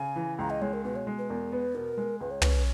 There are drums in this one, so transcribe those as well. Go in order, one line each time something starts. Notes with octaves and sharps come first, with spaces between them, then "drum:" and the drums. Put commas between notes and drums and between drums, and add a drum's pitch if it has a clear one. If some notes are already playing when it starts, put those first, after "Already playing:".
Already playing: C#3 G#5
E3
C#2 A#5
D#5
G#3 C#5
A#4
B2 B4
C#5
G#3
B4
E2 A#4
B3 B4
B2 A#4
G#3
C#2 B4
C#5
C#4 B4, drum: tom